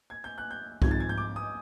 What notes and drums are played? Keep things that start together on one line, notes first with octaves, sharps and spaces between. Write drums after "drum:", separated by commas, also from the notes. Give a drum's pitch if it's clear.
G#6
G6
F#6
G6
G#1 G#2 F3 G#6, drum: kick C2
A6
G#6
G6
D6
D#6